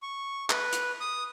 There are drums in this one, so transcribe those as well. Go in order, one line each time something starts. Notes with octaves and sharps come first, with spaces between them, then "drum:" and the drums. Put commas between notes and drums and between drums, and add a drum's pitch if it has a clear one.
C#6
B4, drum: clap
drum: hi-hat
D#6